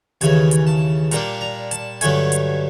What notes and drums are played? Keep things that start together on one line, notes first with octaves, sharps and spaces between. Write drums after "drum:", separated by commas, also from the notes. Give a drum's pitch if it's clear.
D#2 C#3 E3 G#5, drum: hi-hat
drum: hi-hat
A5
A#2 G3 A#3 D4 A#5, drum: hi-hat
A#5
A5, drum: hi-hat
G2 D3 F#3 A3 G#5, drum: hi-hat
drum: hi-hat